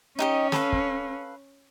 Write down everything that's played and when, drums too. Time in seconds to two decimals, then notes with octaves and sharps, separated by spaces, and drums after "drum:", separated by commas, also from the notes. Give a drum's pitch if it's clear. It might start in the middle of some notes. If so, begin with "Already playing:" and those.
0.19 C#4 D#4 G4 D#5
0.52 A4 B4 F5, drum: snare
0.72 drum: kick